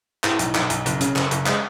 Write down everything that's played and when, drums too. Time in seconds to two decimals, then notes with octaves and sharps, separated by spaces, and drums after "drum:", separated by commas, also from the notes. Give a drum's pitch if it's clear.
0.24 A2, drum: clap
0.39 B1, drum: hi-hat
0.55 B1, drum: clap
0.70 B1, drum: hi-hat
0.86 F#1, drum: hi-hat
1.01 C#3, drum: hi-hat
1.16 F#1, drum: clap
1.31 F#1, drum: hi-hat
1.46 G#3, drum: clap